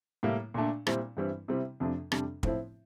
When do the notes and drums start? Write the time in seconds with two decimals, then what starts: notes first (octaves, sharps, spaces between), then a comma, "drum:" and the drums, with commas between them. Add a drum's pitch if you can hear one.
0.23 A2 G3 A#3 E4
0.54 A#2 A3 D4
0.87 A#2 G3 C4 E4, drum: rim click
1.17 G2 E3 G3 C4 E4
1.48 C3 G3 C4 E4
1.80 F2 C3 F3 A3 D4
2.12 F2 C3 G3 D4, drum: rim click
2.43 A2 F3 C4 E4, drum: kick